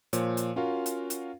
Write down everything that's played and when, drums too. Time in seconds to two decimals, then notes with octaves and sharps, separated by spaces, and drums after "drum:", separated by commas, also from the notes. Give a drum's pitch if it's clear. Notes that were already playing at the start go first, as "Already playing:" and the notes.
0.13 A#2 F3 C5 C#5, drum: hi-hat
0.37 drum: hi-hat
0.56 C#4 F4 F#4 A#4 F5
0.86 drum: hi-hat
1.10 drum: hi-hat